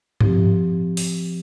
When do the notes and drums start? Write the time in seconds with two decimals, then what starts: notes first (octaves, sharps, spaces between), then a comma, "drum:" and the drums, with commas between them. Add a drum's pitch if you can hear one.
0.21 F3 C4 G4, drum: tom G2
0.97 drum: open hi-hat